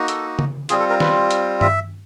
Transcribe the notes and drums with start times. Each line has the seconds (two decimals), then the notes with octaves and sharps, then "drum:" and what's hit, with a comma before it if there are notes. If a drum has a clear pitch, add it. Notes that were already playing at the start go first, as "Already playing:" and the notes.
Already playing: A#3 D#4 F#4
0.08 A4, drum: hi-hat
0.39 drum: tom C#3
0.69 G3 C4 F4 G#4, drum: hi-hat
0.80 A4
0.90 A#4
1.00 B4, drum: snare
1.31 drum: hi-hat
1.61 E5, drum: tom G2